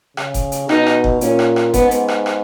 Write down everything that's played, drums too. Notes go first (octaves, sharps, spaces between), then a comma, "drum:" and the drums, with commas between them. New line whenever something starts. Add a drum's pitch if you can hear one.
C#3, drum: rim click
drum: kick F#1, hi-hat
drum: hi-hat
B2 D#4, drum: rim click
drum: rim click
drum: kick F#1
A#2 C#4, drum: hi-hat
drum: rim click
drum: rim click
G#2 B3, drum: kick F#1, hi-hat
drum: hi-hat
drum: rim click
drum: rim click